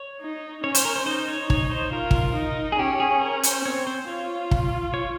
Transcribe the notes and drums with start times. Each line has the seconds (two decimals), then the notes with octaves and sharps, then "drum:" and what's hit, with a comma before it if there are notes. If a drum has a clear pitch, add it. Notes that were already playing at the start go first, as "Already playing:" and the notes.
Already playing: C#5
0.21 D#4
0.64 C#4 C#5
0.75 C5, drum: hi-hat
0.85 A#4
0.96 C5
1.06 D#4 C5
1.28 C#5
1.50 D#4 C#5, drum: kick
1.71 C5
1.93 F4 A#4
2.11 drum: kick
2.36 D#4
2.72 G#4
2.79 C#4 G4
3.00 G#4
3.21 A#4
3.43 C5, drum: hi-hat
3.64 C4 C#5
3.87 C5
4.07 F4 C#5
4.51 drum: kick
4.94 C#5